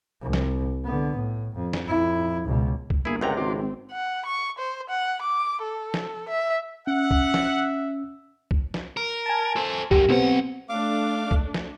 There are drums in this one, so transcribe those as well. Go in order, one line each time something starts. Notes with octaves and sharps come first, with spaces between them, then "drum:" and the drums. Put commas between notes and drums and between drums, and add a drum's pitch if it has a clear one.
C2
drum: snare
D3 B3
A2
F2
drum: snare
F2 E4
C#2 B2
drum: kick C2
G1 A#3 E4 G#4
C#2 C3 A#4 F#5 G5 A#5
G#1 F#4 C6 D6
C4
F#5
C#6
C5
F#5
D6
A4
drum: snare
E5
C#4 E5 F#5
drum: kick C2
drum: snare
drum: kick C2
drum: snare
A#4
G#5 A5
A4 C5
F#2 G4, drum: kick C2
B1 B2 B3 C4 F#5
A3 D4 F5 D6
drum: kick C2
drum: snare